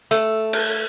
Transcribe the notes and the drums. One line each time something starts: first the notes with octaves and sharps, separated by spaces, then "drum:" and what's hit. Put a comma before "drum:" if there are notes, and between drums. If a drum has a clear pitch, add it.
A3, drum: hi-hat
drum: cymbal